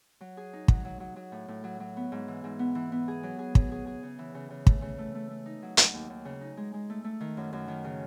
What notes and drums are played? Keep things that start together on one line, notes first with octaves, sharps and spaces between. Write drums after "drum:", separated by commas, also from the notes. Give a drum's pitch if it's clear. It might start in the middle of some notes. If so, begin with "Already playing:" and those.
F#3
G#4
D#4
F#3, drum: kick
F#3
F#3
F#3
A2
A2
F#3
F#3
B3
G#2
E3
G#2
B3
E3
B3
G#4
F#3
G#4
F#3, drum: kick
G#4
G#4
C#3
E3
C#3
C#3
A3, drum: kick
C#3
A3
A3
A3
D#4
F#3
F#3, drum: hi-hat
D#2
D#2
C#3
D#4
G#3
G#3
A3
A3
D#3
F#2
F#2
D#3
C#3